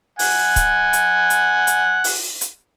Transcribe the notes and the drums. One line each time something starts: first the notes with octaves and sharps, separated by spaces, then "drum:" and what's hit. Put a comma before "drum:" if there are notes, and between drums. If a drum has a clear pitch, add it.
F#5 G#5, drum: open hi-hat
drum: kick C#1, hi-hat
drum: hi-hat
drum: hi-hat
drum: hi-hat
drum: open hi-hat
drum: hi-hat